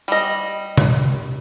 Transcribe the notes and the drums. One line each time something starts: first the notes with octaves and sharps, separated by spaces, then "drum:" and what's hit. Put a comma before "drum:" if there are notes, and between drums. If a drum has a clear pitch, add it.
G3 D#5
drum: tom C3